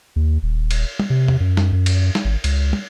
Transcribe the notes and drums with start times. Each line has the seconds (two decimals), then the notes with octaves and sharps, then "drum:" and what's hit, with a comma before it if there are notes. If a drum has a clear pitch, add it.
0.16 D#2
0.43 D#1
0.71 drum: cymbal
0.99 drum: tom
1.10 C3
1.28 drum: tom E2
1.40 F#2
1.57 drum: snare
1.73 F#2
1.86 drum: cymbal
2.15 drum: snare
2.25 G#1
2.44 C#2, drum: cymbal
2.73 drum: tom